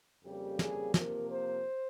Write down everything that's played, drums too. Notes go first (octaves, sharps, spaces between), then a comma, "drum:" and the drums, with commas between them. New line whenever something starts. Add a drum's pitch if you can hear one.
F2 C#3 G3 A#3 G4
G#4, drum: snare
C3 F3 A#3 A#4, drum: snare
C5